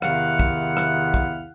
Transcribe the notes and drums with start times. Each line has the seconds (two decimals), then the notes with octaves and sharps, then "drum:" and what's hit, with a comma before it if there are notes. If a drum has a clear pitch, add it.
0.02 E2 C3 D#3 E4 F5 F#5, drum: rim click
0.39 drum: kick
0.77 drum: rim click
1.14 drum: kick